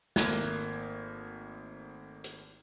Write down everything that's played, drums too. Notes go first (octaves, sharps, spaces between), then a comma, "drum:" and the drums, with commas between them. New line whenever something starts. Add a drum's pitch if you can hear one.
G#1 A3 A#3 F#6 G#6, drum: snare
drum: hi-hat